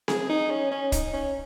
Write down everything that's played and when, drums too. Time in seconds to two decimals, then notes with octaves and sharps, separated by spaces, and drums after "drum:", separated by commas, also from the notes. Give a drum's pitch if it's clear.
0.08 G#4, drum: snare C4
0.29 D#4
0.51 C#4
0.71 C#4
0.92 D#4, drum: kick, hi-hat
1.13 C#4